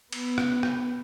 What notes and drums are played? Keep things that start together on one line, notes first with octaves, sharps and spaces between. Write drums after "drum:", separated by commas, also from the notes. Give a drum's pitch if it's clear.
B3, drum: cymbal
drum: rim click
drum: rim click